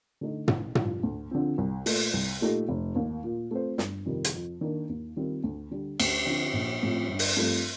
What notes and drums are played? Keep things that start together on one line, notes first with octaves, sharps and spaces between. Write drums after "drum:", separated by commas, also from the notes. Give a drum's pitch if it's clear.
D3 A3 D#4
A1, drum: tom
G2 F3, drum: tom
D2
D3 F3 C4
C2
A#2 A3, drum: open hi-hat
C2
A#2 A3 D#4 G4
F1
D#2 D#3
A#2
A3 C4 F4 C5
G1, drum: snare
F2 C3 D#3 G3
drum: hi-hat
F2
D#3 A#3 D4
D#2
D#3 G3 C4 F4
D2
D3 G3
D2, drum: cymbal
D3 F3 C4 F4
A#1
A2 F3 C4
G1
drum: open hi-hat
G2 F3 A3 C4